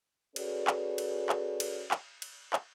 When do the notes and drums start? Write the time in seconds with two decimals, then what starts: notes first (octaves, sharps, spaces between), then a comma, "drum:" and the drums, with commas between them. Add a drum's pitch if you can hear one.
0.36 C#4 F#4 G#4 A4 B4 D5, drum: cymbal
0.67 drum: clap
0.98 drum: cymbal
1.29 drum: clap
1.60 drum: cymbal
1.91 drum: clap
2.22 drum: cymbal
2.53 drum: clap